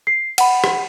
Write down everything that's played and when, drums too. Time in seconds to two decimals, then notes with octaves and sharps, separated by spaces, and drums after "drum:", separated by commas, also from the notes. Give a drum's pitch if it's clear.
0.07 C7
0.38 F#5 B5, drum: cymbal
0.64 drum: rim click